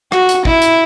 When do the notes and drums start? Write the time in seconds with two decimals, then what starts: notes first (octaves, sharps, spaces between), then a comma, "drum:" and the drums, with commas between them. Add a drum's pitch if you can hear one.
0.12 F#4, drum: rim click
0.29 drum: hi-hat
0.45 E4, drum: kick
0.62 drum: hi-hat